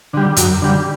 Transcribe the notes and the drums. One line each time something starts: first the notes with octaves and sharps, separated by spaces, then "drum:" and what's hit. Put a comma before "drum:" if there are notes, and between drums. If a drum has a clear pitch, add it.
D3 G3
F#2, drum: hi-hat
D3 G3